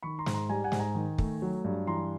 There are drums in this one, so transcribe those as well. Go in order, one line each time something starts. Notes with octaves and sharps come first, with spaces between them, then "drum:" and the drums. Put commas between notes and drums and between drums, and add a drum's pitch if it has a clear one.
D#3 B5 C#6
A#5 C6
G#2, drum: snare
A#5 C6
G3 G#5 A#5
F#5 G#5
G#2, drum: snare
G#5 A#5
D#3
A3, drum: kick
F#3
G2
E3 A#5 C6